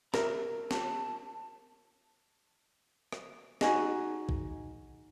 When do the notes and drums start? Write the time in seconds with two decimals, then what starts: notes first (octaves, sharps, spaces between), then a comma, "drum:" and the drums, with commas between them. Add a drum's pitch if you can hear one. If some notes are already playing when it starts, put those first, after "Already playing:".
0.14 A#4 E5 A#5, drum: snare
0.71 A5, drum: snare
3.12 drum: rim click
3.61 D#4 F#4 G#4 D#5, drum: snare
4.29 drum: kick